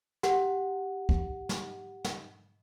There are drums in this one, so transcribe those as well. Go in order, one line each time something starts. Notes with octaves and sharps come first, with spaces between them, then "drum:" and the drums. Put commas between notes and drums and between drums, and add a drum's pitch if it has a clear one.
G4 F#5, drum: snare
drum: kick
drum: snare
drum: snare